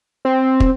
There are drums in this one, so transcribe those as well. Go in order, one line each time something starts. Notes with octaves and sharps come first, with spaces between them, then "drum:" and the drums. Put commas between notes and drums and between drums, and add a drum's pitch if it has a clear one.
C4
drum: kick